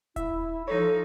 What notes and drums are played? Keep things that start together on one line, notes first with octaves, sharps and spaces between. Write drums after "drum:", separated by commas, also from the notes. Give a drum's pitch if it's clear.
E4 E5, drum: kick D#1, hi-hat
F3 D#4 A4 C#5